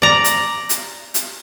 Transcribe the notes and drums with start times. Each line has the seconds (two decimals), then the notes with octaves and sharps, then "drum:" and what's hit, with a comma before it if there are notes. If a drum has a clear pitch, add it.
0.02 D5 A#5
0.24 drum: hi-hat
0.69 drum: hi-hat
1.14 drum: hi-hat